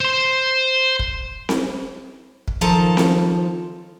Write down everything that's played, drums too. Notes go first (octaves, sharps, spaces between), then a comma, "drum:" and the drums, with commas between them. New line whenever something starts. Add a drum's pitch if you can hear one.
C5 C6
drum: kick
drum: snare C4
drum: kick
D#3 F3 F4 A4 A5 A#5
drum: snare C4